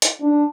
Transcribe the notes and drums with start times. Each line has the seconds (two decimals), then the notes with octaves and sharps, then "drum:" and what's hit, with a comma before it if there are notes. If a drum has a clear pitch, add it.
0.02 drum: hi-hat
0.21 D4